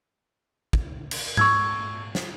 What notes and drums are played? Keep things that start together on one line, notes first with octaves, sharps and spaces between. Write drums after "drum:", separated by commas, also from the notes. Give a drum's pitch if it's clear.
drum: kick
drum: cymbal
C#6 E6 G#6, drum: tom G#2
drum: snare